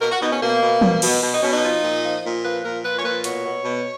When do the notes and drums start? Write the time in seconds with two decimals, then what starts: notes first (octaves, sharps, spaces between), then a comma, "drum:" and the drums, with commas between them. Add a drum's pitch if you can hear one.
0.01 B2 A#4
0.11 F#4
0.20 B2 D#4
0.31 C#4
0.41 B2 A#3
0.62 B2
0.81 B2, drum: tom
1.02 B2, drum: cymbal
1.22 B2
1.32 D#4
1.42 B2 C#4
1.53 D#4
1.63 F3
1.82 A#2
2.03 F3
2.24 A#2
2.43 F3 B4
2.63 A#2 A#4
2.84 F3 B4
2.97 C#5
3.03 A#2 B4
3.24 B2 C#5, drum: hi-hat
3.44 B2
3.64 B2